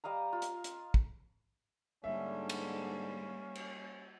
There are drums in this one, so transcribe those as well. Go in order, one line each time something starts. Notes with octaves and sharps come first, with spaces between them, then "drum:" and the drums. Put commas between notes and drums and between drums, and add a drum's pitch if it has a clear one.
G3 D#5 F5 A#5
F4
drum: hi-hat
drum: hi-hat
drum: kick
G#2 D3 G3 A#3 C#4 E5
drum: cymbal
drum: cymbal